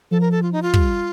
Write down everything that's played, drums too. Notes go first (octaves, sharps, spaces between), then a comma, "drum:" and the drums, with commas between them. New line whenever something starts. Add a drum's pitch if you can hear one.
F3 A4
A#4
A4
F4
D#4
F4
G3, drum: kick